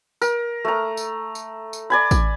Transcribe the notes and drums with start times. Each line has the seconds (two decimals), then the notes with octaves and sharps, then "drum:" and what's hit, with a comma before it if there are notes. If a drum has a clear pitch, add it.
0.22 A#4, drum: tambourine
0.65 A3 A#5
0.97 drum: tambourine
1.35 drum: tambourine
1.73 drum: tambourine
1.90 D5 G#5 B5
2.11 drum: kick A1, tambourine